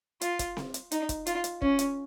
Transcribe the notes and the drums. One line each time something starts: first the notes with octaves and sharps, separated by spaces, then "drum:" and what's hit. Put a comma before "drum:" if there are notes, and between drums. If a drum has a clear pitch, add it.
F4, drum: hi-hat
drum: kick, hi-hat
drum: snare C4
drum: hi-hat
D#4, drum: hi-hat
drum: kick, hi-hat
F4, drum: hi-hat
drum: hi-hat
C#4, drum: kick
drum: hi-hat